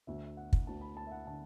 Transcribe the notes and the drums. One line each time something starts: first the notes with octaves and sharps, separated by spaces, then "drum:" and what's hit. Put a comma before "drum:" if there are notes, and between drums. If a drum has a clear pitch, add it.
D2 D3 E5
E5
F#5
drum: kick
D2 D3 A5
B5
A5
E5
F#5
D3 A5